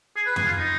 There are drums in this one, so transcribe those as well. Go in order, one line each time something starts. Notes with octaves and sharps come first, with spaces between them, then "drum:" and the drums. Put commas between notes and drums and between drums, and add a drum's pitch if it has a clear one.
G#4
B4
G#4, drum: tom F2
F4
D#4